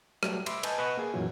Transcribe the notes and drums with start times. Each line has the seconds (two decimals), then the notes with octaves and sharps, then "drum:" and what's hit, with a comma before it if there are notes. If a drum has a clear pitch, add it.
0.23 F#3 G3 A3, drum: rim click
0.46 E5 B5 C6 D6 E6, drum: cymbal
0.63 B4 D#5 G#5 A5 G6, drum: cymbal
0.78 B4 D#5 F#5 B5 C#6
0.97 A#3 G#4
1.14 F#2 A#2 E3 F#3 E4